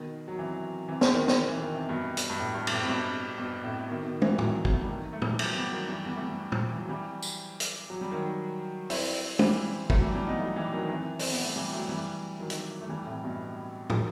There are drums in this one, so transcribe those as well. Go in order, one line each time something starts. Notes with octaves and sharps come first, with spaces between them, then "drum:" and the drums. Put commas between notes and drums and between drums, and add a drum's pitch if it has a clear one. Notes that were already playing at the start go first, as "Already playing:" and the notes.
Already playing: B2 D#3
F#3
C3 E3
C3 E3
drum: snare
B2 D#3
drum: snare
E3
D#3
C3
G2 B2
drum: hi-hat
G2
A2
G2
G2, drum: cymbal
A2
C3
G2 B2
G2 B2
A2 C3
B2 D#3
B2 D#3
C3 E3, drum: tom
D#3 F#3, drum: tom
B3, drum: kick
A3
G3
D#3 F#3
A3
E3 G3, drum: tom
F#3 A3, drum: cymbal
G3 B3
D#3 F#3
E3 G3
G3 B3
A3
G3 B3
drum: tom
E3
F#3
E3 G3
drum: tambourine
drum: hi-hat
F#3
G3
D#3 F#3
C4 E4, drum: open hi-hat
E3 G3, drum: tom
F#3 A3, drum: kick
E3 G3
E3 G3
B3 D#4
F#3 A3
E3 G3
D#3 F#3
D#3
C3 E3
C4, drum: open hi-hat
B3
A3
E3 G3
F#3 A3
E3 G3
D#3 F#3
drum: hi-hat
A3
E3 G3
A2 C3
G2 B2
D#3 F#3, drum: tom